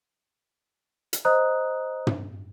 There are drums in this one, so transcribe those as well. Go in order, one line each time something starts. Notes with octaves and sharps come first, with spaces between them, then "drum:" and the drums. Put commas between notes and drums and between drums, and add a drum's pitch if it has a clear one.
drum: hi-hat
C5 D#5 A#5 D#6 F#6
drum: tom